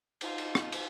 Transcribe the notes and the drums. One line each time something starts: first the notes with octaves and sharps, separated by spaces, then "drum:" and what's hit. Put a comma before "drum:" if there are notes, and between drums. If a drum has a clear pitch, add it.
D#4 F4, drum: cymbal
drum: cymbal
drum: rim click
drum: cymbal